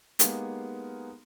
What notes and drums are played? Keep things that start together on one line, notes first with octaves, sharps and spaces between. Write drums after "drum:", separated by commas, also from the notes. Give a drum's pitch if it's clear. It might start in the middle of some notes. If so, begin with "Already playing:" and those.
G#3 A#3 B3 D#4 G4 F5, drum: hi-hat